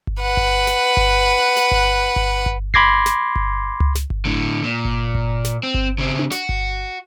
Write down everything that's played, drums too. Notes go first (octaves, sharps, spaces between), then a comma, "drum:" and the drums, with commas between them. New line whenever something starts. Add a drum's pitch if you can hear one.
drum: kick G1
B4 F#5
drum: kick G1
drum: snare
drum: kick G1
drum: snare
drum: kick G1
drum: kick G1
drum: kick G1
B5 C6 D6 G#6 A#6 C7, drum: kick G1
drum: snare
drum: kick G1
drum: tom C#2
drum: snare
drum: kick G1
A2 D3
A#2
drum: kick G1
drum: kick G1
drum: snare
C4
drum: kick G1
C#3 C4
drum: tom D4
F#4, drum: snare
drum: kick G1